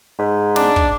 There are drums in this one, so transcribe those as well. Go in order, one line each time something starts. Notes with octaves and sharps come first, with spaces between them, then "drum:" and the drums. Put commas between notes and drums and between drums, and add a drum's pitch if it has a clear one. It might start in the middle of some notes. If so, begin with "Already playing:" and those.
G#2
D4, drum: snare
drum: kick